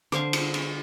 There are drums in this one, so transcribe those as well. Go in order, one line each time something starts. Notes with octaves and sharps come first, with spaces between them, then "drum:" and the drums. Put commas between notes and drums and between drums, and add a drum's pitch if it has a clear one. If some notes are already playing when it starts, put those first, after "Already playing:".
D3 C5 F5 C#6, drum: rim click
drum: cymbal
drum: cymbal